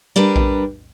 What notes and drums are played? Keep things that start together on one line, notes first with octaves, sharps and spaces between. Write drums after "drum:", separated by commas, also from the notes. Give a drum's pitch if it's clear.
G3 D4 A#4 B4
drum: kick A#1